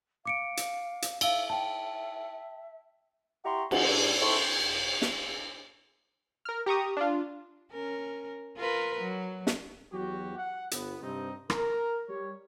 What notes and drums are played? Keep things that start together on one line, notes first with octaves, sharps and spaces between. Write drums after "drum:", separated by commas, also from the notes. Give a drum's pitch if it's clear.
F5 D6 C#7 D7
drum: hi-hat
drum: hi-hat
E5 F5 E6 G7, drum: cymbal
G5 A5
E4 G4 F#5 A#5 C6 C#6
D#3 F3 C4 F#4, drum: cymbal
G2
G#2 C4 E4 A4 C6 C#6
drum: snare
A#4 F6
G4 A#5 C#6 D#6
D4 F4
C#4 A#4
F4 A#4 B4
F#3
drum: snare
E2 F#3 F#4 G4
F#5
G1 B3, drum: hi-hat
G2 C3 C4 D#4
A#4, drum: rim click
G3 C#5